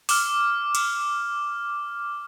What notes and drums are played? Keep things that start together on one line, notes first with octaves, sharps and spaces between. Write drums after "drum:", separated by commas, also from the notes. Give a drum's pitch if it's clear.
D6 F6, drum: open hi-hat
drum: cymbal